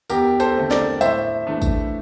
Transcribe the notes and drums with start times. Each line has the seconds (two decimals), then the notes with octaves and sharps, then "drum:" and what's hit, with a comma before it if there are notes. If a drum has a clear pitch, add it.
0.10 E2 G4 A#4, drum: tambourine
0.40 A4 C5, drum: tambourine
0.55 D3 A3 C4
0.71 A#4 D5, drum: snare
1.01 A2 C5 E5, drum: tambourine
1.47 E3 A3 D4
1.62 drum: kick, tambourine